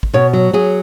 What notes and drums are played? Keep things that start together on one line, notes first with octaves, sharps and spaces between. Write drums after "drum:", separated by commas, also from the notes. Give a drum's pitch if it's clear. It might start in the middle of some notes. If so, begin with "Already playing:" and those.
drum: kick
B2 C#5
F#3
F#3 G#4